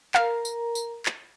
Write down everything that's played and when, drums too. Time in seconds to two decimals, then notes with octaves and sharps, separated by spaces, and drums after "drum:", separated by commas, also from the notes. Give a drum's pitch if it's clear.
0.15 A#4 F5 A#5, drum: clap
0.45 drum: tambourine
0.75 drum: tambourine
1.06 drum: clap